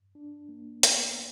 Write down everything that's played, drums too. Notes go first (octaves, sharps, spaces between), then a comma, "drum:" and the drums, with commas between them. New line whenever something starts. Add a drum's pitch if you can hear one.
D4
A#3
B3, drum: hi-hat